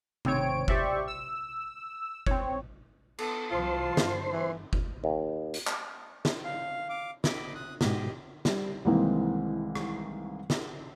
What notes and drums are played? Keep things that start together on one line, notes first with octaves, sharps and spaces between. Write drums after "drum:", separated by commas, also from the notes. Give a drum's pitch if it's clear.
G#1 C4 C#5 D7, drum: tom C3
G4 C5 D5 E5 C#6, drum: kick F#1
E6
C4 C#5, drum: kick F#1
B3 A4, drum: cymbal
C2 E3 F#3 F4 C5 A5 C6
G1, drum: snare
E3
drum: kick F#1
D#2
drum: hi-hat
drum: clap
drum: snare
F5
F5 D6
D#5 B5 D6, drum: snare
D#6 F#6
G#2 B2 F#4 G4 D#5, drum: snare
G3, drum: snare
C2 D#3 E3 G#3 A#3 C4
drum: rim click
drum: snare